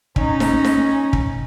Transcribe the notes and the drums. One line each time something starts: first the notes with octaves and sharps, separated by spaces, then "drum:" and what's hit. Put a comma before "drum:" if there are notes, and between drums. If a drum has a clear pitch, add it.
C#4 D#4, drum: kick
drum: snare D#4
drum: snare D#4
drum: kick